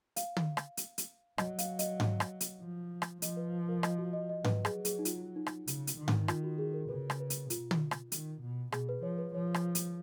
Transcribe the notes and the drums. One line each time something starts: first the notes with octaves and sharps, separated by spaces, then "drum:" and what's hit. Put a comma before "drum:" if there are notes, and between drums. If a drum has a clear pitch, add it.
F5, drum: hi-hat
drum: tom
drum: rim click
drum: hi-hat
drum: hi-hat
F#3 D#5, drum: rim click
F5, drum: hi-hat
D#5, drum: hi-hat
drum: tom G#2
drum: rim click
drum: hi-hat
F3
drum: rim click
F3 D#5, drum: hi-hat
B4
A#4
D#5, drum: rim click
F#4
D#5
D#5
F#3 B4, drum: tom G#2
G#4, drum: rim click
G#4, drum: hi-hat
D#4
F4, drum: hi-hat
D#4
drum: rim click
C#3, drum: hi-hat
drum: hi-hat
D#3
drum: tom G#2
F4, drum: rim click
F#4
G#4
A#4
C#3 B4
drum: rim click
B4
drum: hi-hat
B2 F4, drum: hi-hat
drum: tom
drum: rim click
D#3, drum: hi-hat
B2
B2 G#4, drum: rim click
B4
F3 C#5
B4
F3 C#5
drum: rim click
drum: hi-hat